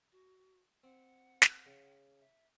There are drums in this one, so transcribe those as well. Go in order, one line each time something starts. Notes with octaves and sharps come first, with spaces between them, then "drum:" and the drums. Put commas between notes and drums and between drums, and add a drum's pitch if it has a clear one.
F#4
C4 F#5
drum: snare
C#3
E5